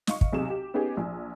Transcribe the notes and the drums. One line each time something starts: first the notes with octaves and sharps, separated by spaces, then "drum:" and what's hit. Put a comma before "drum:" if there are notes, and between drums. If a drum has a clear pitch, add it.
D#5 F5 C#6, drum: snare
drum: kick
B1 C3 G#4 D#5 E7
G4
B3 C#4 D#4 G4 G#4
A#1 G#5